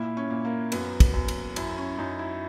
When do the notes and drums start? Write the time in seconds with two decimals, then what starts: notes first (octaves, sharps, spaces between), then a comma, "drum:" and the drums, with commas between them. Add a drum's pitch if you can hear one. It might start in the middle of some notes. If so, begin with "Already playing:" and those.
Already playing: A#2 E4
0.17 C#4
0.30 A#2
0.45 A#3
0.72 F#2 B3, drum: cymbal
1.00 drum: kick, cymbal
1.14 F#2
1.28 drum: cymbal
1.56 F#2 E4, drum: cymbal
1.78 C#4
1.98 F#2 D#4
2.19 E4